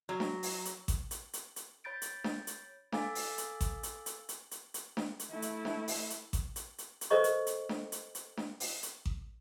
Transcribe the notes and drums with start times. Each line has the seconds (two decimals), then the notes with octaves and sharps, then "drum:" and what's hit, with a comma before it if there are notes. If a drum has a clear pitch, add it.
0.09 F#3
0.20 drum: snare D4
0.43 drum: open hi-hat
0.65 drum: hi-hat
0.88 drum: kick A1, hi-hat
1.11 drum: hi-hat
1.33 drum: hi-hat
1.56 drum: hi-hat
1.84 C#5 B5 G6 A6 D7
2.02 drum: hi-hat
2.24 drum: snare D4
2.47 drum: hi-hat
2.92 A4 F5 G#5 D6 E6 A6, drum: snare D4
3.15 drum: open hi-hat
3.38 drum: hi-hat
3.61 drum: kick A1, hi-hat
3.83 drum: hi-hat
4.06 drum: hi-hat
4.29 drum: hi-hat
4.51 drum: hi-hat
4.74 drum: hi-hat
4.97 drum: snare D4
5.19 drum: hi-hat
5.30 A3 E4
5.42 drum: hi-hat
5.65 drum: snare D4
5.88 drum: open hi-hat
6.10 drum: hi-hat
6.33 drum: kick A1, hi-hat
6.56 drum: hi-hat
6.78 drum: hi-hat
7.01 drum: hi-hat
7.10 A4 A#4 C5 D#5 C#6
7.24 drum: hi-hat
7.47 drum: hi-hat
7.69 drum: snare D4
7.92 drum: hi-hat
8.15 drum: hi-hat
8.37 drum: snare D4
8.60 drum: open hi-hat
8.83 drum: hi-hat
9.06 drum: kick A1